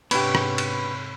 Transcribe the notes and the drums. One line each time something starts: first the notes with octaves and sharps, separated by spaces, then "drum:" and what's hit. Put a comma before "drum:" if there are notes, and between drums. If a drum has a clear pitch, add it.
G#2 C3 B3 D4 G4 C#5 B5, drum: cymbal
drum: rim click
drum: cymbal